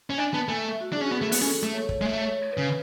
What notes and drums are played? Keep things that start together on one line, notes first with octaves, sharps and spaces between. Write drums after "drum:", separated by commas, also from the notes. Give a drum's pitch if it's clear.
C#4
D4 G#5
B3 A5
A3 G#5
E5
F#4
D4 G#4
C#4
B3 F#4
A3 G#4
B3, drum: open hi-hat
C#4 A4
A3
C#5
C#5, drum: kick
G#3
A3 E5
C#5
C#5
B4
C#3